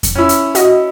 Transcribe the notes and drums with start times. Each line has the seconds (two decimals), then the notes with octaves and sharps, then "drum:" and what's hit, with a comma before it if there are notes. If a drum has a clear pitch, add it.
0.03 drum: kick F2, hi-hat
0.15 C#4 E4
0.29 drum: hi-hat
0.55 F#4 D#5, drum: hi-hat